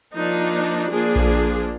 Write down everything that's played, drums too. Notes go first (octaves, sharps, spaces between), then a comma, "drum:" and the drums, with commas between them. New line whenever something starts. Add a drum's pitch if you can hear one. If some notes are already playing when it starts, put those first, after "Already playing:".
F3 A#3 D4 D#4
F3 A#3 D4 G#4
drum: kick A#1